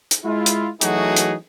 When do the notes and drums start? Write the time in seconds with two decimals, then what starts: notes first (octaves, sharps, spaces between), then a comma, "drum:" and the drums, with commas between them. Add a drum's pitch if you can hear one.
0.11 drum: hi-hat
0.24 G#3 E4 F4
0.46 drum: hi-hat
0.81 E3 F#3 A3 D#4 F#4 G#4, drum: hi-hat
1.16 drum: hi-hat